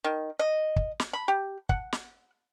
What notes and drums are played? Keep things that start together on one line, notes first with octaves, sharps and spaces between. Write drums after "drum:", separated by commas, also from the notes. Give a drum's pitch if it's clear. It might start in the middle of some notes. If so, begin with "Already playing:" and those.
D#3
D#5
drum: kick
drum: snare
B5
G4
F#5, drum: kick
drum: snare